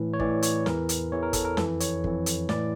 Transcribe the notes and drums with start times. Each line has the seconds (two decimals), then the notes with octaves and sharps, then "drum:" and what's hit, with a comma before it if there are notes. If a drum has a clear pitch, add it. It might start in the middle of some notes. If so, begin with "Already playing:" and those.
Already playing: A2 E3
0.14 C#5
0.20 A2 E3 D5, drum: kick G1
0.43 C#5, drum: hi-hat
0.66 E2 E3 A#4, drum: snare
0.89 drum: hi-hat
1.12 E2 E3 C#5
1.23 A#4
1.33 A4, drum: kick G1, hi-hat
1.45 A#4
1.57 F2 E3 A4, drum: snare
1.80 C#5, drum: hi-hat
2.04 F2 E3, drum: kick G1
2.26 drum: hi-hat
2.49 A2 E3 D5, drum: snare